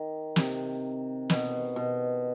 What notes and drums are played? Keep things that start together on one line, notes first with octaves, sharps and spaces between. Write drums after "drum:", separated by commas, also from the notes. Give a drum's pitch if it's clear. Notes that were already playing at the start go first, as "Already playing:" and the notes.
Already playing: D#3
C3, drum: snare
B2, drum: snare
B2